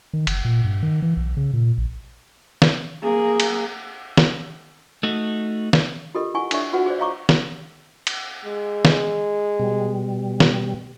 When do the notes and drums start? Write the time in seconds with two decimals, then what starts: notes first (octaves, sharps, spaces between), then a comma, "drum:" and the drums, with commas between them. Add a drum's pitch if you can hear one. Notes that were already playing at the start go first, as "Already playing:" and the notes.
0.13 D#3
0.27 F#1, drum: cymbal
0.45 A#2
0.64 G2
0.83 D#3
1.02 E3
1.17 B1
1.37 C#3
1.54 A#2
1.78 A#1
2.62 drum: snare
3.03 A#3 G#4
3.40 drum: cymbal
4.17 drum: snare
5.03 A3 D#4 F#4
5.73 drum: snare
6.15 F4 G4 A4 A#4 D#5
6.34 E4 F#5 G#5 C#6
6.51 D4 A4 C#5 D5 E5 C#6, drum: cymbal
6.73 F4 F#4 B4 F#5
6.86 G#4 C5 D5
6.98 C#5 D#5 F5 A#5 C#6 D6
7.29 drum: snare
8.07 drum: cymbal
8.45 G#3
8.85 drum: snare
9.59 B2 G3
10.40 drum: snare